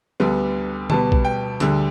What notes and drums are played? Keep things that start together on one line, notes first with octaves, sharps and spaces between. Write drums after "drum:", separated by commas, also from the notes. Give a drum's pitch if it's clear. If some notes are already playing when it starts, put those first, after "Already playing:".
D2 D3 G3 B3
B2 G3 B3 A5, drum: tom D3
drum: kick B1
G5
D2 D3 G3, drum: hi-hat